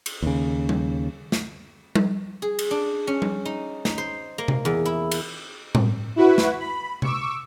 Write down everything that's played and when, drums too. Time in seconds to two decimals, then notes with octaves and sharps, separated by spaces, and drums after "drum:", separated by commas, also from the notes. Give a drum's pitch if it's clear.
0.06 drum: cymbal
0.22 D#2 C#3
0.69 drum: tom G3
1.32 drum: snare
1.95 drum: tom G3
2.42 G#4
2.59 drum: cymbal
2.71 D4
3.07 C#4
3.22 drum: tom G3
3.45 D#4
3.85 D#4, drum: snare
3.98 C5
4.38 A#3
4.48 drum: tom C3
4.65 E2
4.85 E4
5.11 drum: cymbal
5.75 drum: tom
6.16 E4 F#4 B4
6.38 drum: snare
6.59 B5
7.02 C#6 D6 E6, drum: tom C3